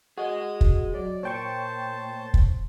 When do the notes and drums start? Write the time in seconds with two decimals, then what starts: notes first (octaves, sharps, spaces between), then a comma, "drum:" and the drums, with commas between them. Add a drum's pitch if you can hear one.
0.18 F#4 G#4 D#5 D#6
0.61 drum: kick
0.94 F#3 D5
1.23 A#2 C5 C#5 G5 A5 C#6
2.34 drum: kick